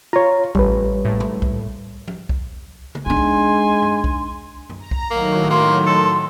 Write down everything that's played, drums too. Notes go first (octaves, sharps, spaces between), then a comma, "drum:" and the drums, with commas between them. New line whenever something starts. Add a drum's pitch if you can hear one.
F4 C#5 A#5
A1 G3 B4, drum: kick B1
A#1 A2
drum: tom
drum: kick B1
drum: tom F3
drum: kick B1
drum: tom C#3
G#3 D4 D#4 G#5 C6
drum: kick B1
drum: tom F#2
drum: kick B1
drum: tom F#2
A#5
drum: kick B1
A2 D#3 F#3 A#3
A#3 C6
A4